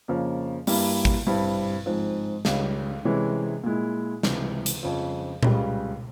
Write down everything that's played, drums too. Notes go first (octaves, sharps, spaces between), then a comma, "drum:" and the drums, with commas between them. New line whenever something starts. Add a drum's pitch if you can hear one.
F2 C#3 F3 A#3 C#4
G2 G3 A#3 E4, drum: open hi-hat
drum: kick
G2 G3 C4 E4
G#2 F3 C4
C#2 C#3 G3 C#4, drum: snare
C3 E3 G#3 C#4
A#2 G#3 E4
C#2 C3 E3, drum: snare
drum: hi-hat
F2 C#3 F3
C#2 C#3 G3, drum: tom A#2